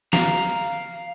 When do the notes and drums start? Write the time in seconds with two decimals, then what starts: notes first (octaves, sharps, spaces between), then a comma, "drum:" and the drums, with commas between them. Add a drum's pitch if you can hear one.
0.13 F5 A#5, drum: snare